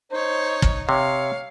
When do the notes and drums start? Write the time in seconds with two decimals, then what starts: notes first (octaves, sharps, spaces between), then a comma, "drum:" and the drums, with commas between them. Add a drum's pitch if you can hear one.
0.12 D#4 C5 C#5
0.62 drum: kick
0.89 C3 C#5 F5